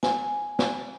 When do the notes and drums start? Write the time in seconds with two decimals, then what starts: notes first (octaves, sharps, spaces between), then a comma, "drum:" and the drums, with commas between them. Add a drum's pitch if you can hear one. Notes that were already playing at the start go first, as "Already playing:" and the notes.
0.03 G#5, drum: snare
0.59 drum: snare